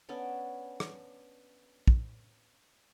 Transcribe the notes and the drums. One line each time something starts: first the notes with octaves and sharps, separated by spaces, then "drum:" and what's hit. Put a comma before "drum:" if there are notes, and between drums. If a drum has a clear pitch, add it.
B3 C#4 D4 D5
drum: rim click
drum: kick